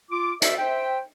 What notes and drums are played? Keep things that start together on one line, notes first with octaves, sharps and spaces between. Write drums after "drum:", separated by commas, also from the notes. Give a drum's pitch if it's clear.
F4 D6
F#4 A#4 C5 D5 E5, drum: hi-hat
C5 E5 G5